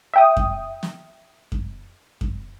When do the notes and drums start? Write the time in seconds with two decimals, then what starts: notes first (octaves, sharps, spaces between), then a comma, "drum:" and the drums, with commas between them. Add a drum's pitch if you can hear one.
0.14 E5 G5 D#6
0.37 drum: kick F#2
0.83 drum: snare
1.52 drum: kick F#2
2.21 drum: kick F#2